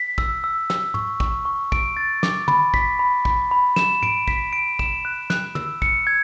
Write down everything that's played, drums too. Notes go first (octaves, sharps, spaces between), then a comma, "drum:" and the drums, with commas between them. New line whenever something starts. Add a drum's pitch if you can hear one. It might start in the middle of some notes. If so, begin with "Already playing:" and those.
Already playing: B6
E6, drum: kick
E6
E6, drum: snare
C#6, drum: tom
C#6, drum: kick
C#6
D7, drum: kick
A6
D6, drum: snare
B5, drum: tom
B6, drum: kick
B5
B5, drum: kick
B5
E7, drum: snare
D7, drum: tom
B6, drum: kick
D7
E7, drum: kick
F#6
F#6, drum: snare
E6, drum: tom
C#7, drum: kick
G#6